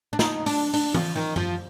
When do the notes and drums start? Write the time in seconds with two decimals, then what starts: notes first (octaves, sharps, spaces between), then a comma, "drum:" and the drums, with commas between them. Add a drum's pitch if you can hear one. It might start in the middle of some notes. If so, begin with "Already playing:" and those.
0.13 D4
0.19 D#4, drum: snare
0.46 D4, drum: open hi-hat
0.74 D4, drum: open hi-hat
0.94 F3, drum: tom E3
1.16 D#3
1.36 F3, drum: tom F#2